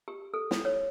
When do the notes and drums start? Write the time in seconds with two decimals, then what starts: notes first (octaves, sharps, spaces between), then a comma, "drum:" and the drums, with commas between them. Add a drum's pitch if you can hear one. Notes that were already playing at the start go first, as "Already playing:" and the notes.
0.08 G4
0.34 A4
0.51 drum: snare
0.65 C#5